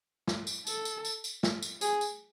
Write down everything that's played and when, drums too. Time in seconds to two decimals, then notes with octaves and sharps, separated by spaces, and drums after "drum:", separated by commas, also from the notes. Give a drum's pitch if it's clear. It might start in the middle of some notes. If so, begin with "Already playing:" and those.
0.27 drum: snare
0.47 drum: tambourine
0.67 A4, drum: tambourine
0.85 drum: tambourine
1.05 drum: tambourine
1.24 drum: tambourine
1.43 drum: snare
1.62 drum: tambourine
1.81 G#4, drum: tambourine
2.01 drum: tambourine